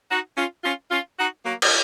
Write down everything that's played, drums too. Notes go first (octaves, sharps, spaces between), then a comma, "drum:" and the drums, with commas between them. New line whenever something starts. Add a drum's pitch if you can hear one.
D#4 F#4
C#4 F4
C#4 F4
C#4 F4
D#4 F#4
F#3 A#3
drum: cymbal